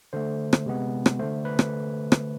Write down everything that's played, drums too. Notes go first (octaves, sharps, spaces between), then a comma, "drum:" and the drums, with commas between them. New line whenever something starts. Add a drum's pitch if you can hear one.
D3 A3 C5
drum: rim click
C3 G#3 B3
drum: rim click
D3 A3 C5
B4
drum: rim click
drum: rim click